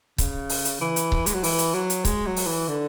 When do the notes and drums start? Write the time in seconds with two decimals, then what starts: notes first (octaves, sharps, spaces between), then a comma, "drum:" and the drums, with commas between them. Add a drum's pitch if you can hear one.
0.18 C#3, drum: kick C#1, hi-hat
0.49 drum: open hi-hat
0.65 drum: hi-hat
0.81 E3
0.96 drum: hi-hat
1.12 drum: kick C#1
1.26 G#3, drum: hi-hat
1.34 F#3
1.44 E3, drum: open hi-hat
1.58 drum: hi-hat
1.74 F#3
1.90 drum: hi-hat
2.05 G#3, drum: kick C#1, hi-hat
2.27 F#3
2.36 drum: open hi-hat
2.47 E3
2.68 D3